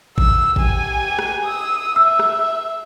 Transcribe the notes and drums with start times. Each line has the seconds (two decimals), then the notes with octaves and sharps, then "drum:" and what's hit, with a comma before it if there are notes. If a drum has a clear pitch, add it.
0.18 E6, drum: kick A1
0.56 G4 G#5, drum: kick A1
1.19 drum: rim click
1.45 D#6 E6
1.96 E5 E6
2.19 drum: rim click